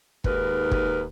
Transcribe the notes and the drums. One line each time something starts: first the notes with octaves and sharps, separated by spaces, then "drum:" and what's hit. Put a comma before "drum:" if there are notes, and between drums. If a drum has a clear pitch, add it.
D#2 G#2 A#4 B4, drum: kick
drum: kick